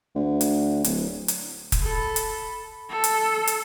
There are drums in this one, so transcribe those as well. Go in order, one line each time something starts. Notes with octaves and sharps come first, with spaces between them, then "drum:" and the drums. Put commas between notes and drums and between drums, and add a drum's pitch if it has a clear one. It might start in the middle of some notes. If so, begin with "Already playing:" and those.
D2
drum: hi-hat
D1, drum: hi-hat
drum: hi-hat
drum: kick, hi-hat
A4 B5
drum: hi-hat
A4
drum: hi-hat
drum: hi-hat